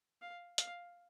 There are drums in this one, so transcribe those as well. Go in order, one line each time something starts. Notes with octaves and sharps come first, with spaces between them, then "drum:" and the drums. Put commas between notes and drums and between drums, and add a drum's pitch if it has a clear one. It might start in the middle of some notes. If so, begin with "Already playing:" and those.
F5
F5, drum: hi-hat